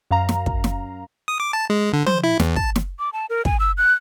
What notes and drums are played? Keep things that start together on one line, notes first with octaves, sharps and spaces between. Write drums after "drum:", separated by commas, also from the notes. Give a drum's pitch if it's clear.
F#2 F5 A#5
drum: snare
drum: kick
drum: snare
D#6
D6
A5
G#3
D3
C5, drum: tom F3
E4
E2, drum: snare
A5, drum: kick
drum: snare
D6
A5
A#4
G#5, drum: kick
E6
F#6